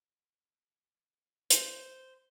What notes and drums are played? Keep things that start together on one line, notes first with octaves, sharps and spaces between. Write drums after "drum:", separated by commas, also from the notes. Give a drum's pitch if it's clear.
C5, drum: hi-hat